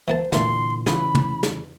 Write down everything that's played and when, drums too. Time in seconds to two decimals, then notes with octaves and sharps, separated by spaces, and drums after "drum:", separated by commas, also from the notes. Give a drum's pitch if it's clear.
0.08 E3 A#3 C5 A5
0.32 A#2 D3 E3 A3 A#3 C6, drum: snare
0.87 C#3 E3 F4 G#4 B5, drum: snare
1.15 drum: tom
1.43 drum: snare